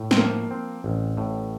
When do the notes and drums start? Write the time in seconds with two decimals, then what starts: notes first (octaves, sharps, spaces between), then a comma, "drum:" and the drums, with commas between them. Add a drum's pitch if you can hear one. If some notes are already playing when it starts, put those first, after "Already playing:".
Already playing: A2
0.11 C4, drum: snare
0.17 F3 A#3
0.51 C4
0.84 A1
1.17 A2